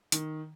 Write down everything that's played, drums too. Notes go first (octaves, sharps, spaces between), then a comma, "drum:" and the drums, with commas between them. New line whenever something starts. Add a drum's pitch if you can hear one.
D#3, drum: hi-hat